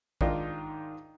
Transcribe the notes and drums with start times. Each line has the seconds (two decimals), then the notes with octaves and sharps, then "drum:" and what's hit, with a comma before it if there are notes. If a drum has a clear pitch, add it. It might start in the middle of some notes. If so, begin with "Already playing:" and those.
0.21 G#2 D#3 D4 D#4 F4, drum: kick